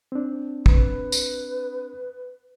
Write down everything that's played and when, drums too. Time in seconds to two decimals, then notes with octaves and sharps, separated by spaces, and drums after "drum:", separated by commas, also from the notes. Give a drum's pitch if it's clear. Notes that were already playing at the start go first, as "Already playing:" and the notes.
0.12 C4 D4
0.66 B4, drum: kick
1.12 drum: tambourine